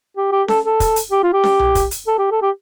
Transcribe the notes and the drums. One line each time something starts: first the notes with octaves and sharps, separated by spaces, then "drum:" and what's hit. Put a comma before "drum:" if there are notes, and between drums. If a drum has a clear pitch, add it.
G4
G4
A4, drum: snare C#4
A4
drum: kick, hi-hat
drum: hi-hat
G4
F4
G4
drum: snare C#4
drum: tom B1
drum: kick, hi-hat
drum: hi-hat
A4
G4
A4
G4